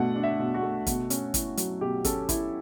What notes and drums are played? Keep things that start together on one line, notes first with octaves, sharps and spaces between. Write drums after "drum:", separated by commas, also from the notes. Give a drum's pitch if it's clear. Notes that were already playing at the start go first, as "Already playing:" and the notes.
Already playing: B2 A3 D4 F#5
D4
E5
B2
F#4
A3
B2, drum: kick, hi-hat
C#4, drum: hi-hat
E4, drum: kick, hi-hat
F#3, drum: hi-hat
B2 G4
C#4 A4, drum: kick, hi-hat
E4, drum: kick, hi-hat